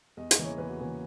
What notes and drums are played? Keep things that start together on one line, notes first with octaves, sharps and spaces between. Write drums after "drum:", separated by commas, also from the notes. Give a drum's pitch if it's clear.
E2 D#5
D#5, drum: hi-hat
C#3 E3 A#3
C#5
E2 B4
F#4
C#3 E3 A#3 G#4